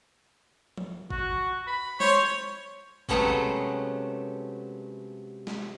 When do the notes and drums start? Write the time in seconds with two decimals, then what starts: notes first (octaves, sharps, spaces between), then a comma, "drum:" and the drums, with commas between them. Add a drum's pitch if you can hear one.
0.78 drum: tom F3
1.11 F#4, drum: kick
1.67 B5
2.00 C5 C#5, drum: snare
3.09 C3 F#3 G#3 A3 B3 C#4, drum: kick
5.47 drum: snare